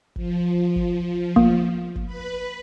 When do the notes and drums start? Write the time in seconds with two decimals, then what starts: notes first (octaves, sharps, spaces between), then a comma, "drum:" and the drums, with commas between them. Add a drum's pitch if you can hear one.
0.16 F3, drum: kick
0.76 drum: kick
1.36 A#3, drum: kick
1.96 drum: kick
2.05 B4 B5